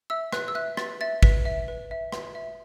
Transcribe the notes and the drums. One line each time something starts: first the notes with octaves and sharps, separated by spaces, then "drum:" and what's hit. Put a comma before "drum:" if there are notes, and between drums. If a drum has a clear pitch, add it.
E5 E6
B4 F#6, drum: rim click
E6
E5 F#6
B4 A6, drum: rim click
E5 A6
B4 B6, drum: kick G#1
E5
B4
E5
B4, drum: rim click
E5